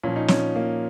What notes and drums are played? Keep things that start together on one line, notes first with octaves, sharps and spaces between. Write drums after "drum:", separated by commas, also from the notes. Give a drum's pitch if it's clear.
A#2 F3 C#4
D#4
C#4, drum: snare
A#3